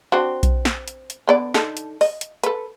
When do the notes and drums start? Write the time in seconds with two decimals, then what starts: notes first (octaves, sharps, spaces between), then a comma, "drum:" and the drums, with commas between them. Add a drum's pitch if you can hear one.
0.12 C4 D4 F#4
0.43 drum: kick B1, hi-hat
0.65 drum: snare
0.88 drum: hi-hat
1.10 drum: hi-hat
1.27 D3 B3 D5
1.54 D3 D#4 A4, drum: snare
1.77 drum: hi-hat
2.01 D#5, drum: open hi-hat
2.21 drum: hi-hat
2.43 A4 B4, drum: hi-hat